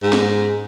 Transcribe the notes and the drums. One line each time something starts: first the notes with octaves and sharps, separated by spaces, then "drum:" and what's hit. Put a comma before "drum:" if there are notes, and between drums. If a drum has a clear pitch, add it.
G#2
drum: snare